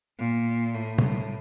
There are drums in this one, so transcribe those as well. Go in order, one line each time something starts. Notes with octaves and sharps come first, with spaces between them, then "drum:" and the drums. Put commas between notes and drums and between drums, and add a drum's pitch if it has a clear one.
A#2
A2
drum: tom